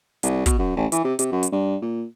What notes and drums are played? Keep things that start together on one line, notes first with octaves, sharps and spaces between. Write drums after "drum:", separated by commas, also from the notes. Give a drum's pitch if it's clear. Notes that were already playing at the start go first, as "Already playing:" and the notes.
C2, drum: hi-hat
B2, drum: kick, hi-hat
F#2
A1
E3, drum: hi-hat
C3
C3, drum: hi-hat
F#2
drum: hi-hat
G2
A#2